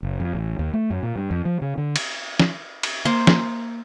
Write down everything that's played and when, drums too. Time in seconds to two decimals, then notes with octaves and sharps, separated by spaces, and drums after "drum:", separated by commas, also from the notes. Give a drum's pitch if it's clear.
0.03 F#1
0.20 F2
0.33 A1
0.59 D#2
0.73 A3
0.90 F#2
1.03 A#2
1.16 G2
1.31 F2
1.45 F3
1.62 C#3
1.77 D3
1.96 drum: cymbal
2.40 drum: snare
2.83 drum: cymbal
3.05 A#3 C5
3.27 drum: snare